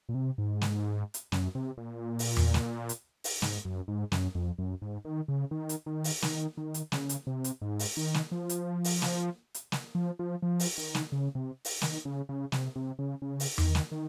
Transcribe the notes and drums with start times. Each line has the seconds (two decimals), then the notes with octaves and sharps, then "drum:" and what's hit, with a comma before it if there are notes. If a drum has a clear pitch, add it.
0.09 A#2
0.14 C3
0.38 G#2
0.61 drum: snare
1.14 drum: hi-hat
1.32 F#2, drum: snare
1.55 C3
1.78 A#2
2.19 drum: open hi-hat
2.37 drum: tom E2
2.54 drum: snare
2.89 drum: hi-hat
3.24 drum: open hi-hat
3.42 G#2, drum: snare
3.65 F#2
3.88 G#2
4.12 F#2, drum: snare
4.35 F2
4.59 F#2
4.82 G#2
5.05 D#3
5.28 C#3
5.51 D#3
5.69 drum: hi-hat
5.86 D#3
6.04 drum: open hi-hat
6.22 D#3, drum: snare
6.57 D#3
6.74 drum: hi-hat
6.92 C#3, drum: snare
7.09 drum: hi-hat
7.27 C3
7.44 drum: hi-hat
7.61 G#2
7.79 drum: open hi-hat
7.97 D#3
8.14 drum: snare
8.32 F3
8.49 drum: hi-hat
8.84 drum: open hi-hat
9.02 drum: snare
9.54 drum: hi-hat
9.72 drum: snare
9.95 F3
10.19 F3
10.42 F3
10.60 drum: open hi-hat
10.78 D#3
10.95 drum: snare
11.12 C#3
11.35 C3
11.65 drum: open hi-hat
11.82 D#3, drum: snare
12.05 C#3
12.29 C#3
12.52 C3, drum: snare
12.76 C3
12.99 C#3
13.22 C#3
13.40 drum: open hi-hat
13.58 D#3, drum: tom E2
13.75 drum: snare
13.92 D#3